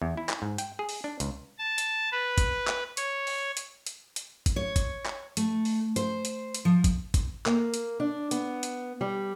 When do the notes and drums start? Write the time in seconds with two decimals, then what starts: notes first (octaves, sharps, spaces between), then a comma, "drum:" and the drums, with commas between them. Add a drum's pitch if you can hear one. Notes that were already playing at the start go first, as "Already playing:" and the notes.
0.02 E2
0.17 E4
0.29 drum: clap
0.42 G#2
0.58 G5, drum: hi-hat
0.79 G#4
0.89 drum: open hi-hat
1.04 D4
1.20 C#2, drum: hi-hat
1.59 A5
1.78 drum: hi-hat
2.12 B4
2.38 drum: kick, hi-hat
2.67 drum: clap
2.97 C#5, drum: hi-hat
3.27 drum: open hi-hat
3.57 drum: hi-hat
3.86 drum: hi-hat
4.16 drum: hi-hat
4.46 drum: kick, hi-hat
4.56 C#5
4.76 drum: kick, hi-hat
5.06 drum: clap
5.37 A3, drum: hi-hat
5.65 drum: open hi-hat
5.96 C5, drum: hi-hat
6.25 drum: hi-hat
6.55 drum: hi-hat
6.65 F3
6.84 drum: kick, hi-hat
7.14 drum: kick, hi-hat
7.46 A#3, drum: clap
7.74 drum: hi-hat
8.00 D4
8.31 B3, drum: hi-hat
8.63 drum: hi-hat
9.01 G3